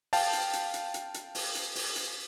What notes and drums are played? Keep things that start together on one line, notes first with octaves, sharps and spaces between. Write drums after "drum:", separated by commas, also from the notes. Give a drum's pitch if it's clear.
F5 G5 A5, drum: open hi-hat
drum: hi-hat
drum: hi-hat
drum: hi-hat
drum: hi-hat
drum: hi-hat
drum: open hi-hat
drum: hi-hat
drum: open hi-hat
drum: hi-hat